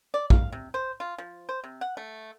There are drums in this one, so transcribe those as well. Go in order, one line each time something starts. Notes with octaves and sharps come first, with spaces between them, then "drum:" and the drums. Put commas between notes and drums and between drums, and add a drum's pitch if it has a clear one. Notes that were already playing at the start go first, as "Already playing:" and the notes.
D5
F5, drum: kick A#1
C3
C5
F4
F3
C5
C3
F#5
A3